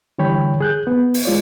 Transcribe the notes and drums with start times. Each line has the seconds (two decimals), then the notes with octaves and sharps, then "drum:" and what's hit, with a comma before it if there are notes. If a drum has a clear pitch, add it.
0.18 D3 E3 G3 C#5 G5 B5
0.60 G#4 F#6 G6
0.87 B3
1.14 drum: open hi-hat
1.25 G#3 F4 C#5 D5